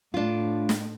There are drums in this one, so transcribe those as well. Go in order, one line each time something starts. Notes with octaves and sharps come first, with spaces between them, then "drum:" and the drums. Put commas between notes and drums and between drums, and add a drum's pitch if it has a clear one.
A2 D4 F4
drum: snare